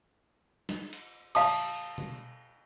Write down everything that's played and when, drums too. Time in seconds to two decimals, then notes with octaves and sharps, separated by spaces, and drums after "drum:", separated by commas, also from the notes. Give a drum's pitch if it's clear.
0.69 drum: snare
0.93 drum: cymbal
1.35 F5 A5 D#6, drum: cymbal
1.98 drum: tom B2